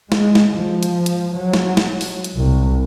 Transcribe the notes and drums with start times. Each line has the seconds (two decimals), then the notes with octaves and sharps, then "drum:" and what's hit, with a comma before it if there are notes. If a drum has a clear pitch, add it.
0.12 G#3, drum: snare
0.35 drum: snare
0.56 F3
0.83 drum: hi-hat
1.06 drum: hi-hat
1.35 F#3
1.54 drum: snare
1.77 drum: snare
2.01 drum: open hi-hat
2.24 drum: hi-hat
2.35 C2